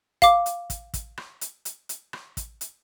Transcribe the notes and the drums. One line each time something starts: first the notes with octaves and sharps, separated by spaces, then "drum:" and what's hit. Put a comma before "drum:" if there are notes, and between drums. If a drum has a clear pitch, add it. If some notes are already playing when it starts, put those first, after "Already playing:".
F5 D6, drum: kick, hi-hat
drum: hi-hat
drum: kick, hi-hat
drum: kick, hi-hat
drum: rim click
drum: hi-hat
drum: hi-hat
drum: hi-hat
drum: rim click
drum: kick, hi-hat
drum: hi-hat